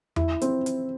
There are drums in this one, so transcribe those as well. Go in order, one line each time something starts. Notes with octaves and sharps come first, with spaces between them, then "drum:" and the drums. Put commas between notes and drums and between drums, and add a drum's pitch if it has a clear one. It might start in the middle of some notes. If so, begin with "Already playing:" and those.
E4, drum: tom E2
C4, drum: hi-hat
drum: hi-hat